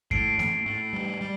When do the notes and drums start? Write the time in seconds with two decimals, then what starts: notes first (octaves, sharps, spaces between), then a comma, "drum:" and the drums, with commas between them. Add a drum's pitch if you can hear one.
0.11 A2 C7 D7, drum: kick F#2
0.39 A2, drum: snare A#3
0.66 A2
0.93 G3
1.21 G3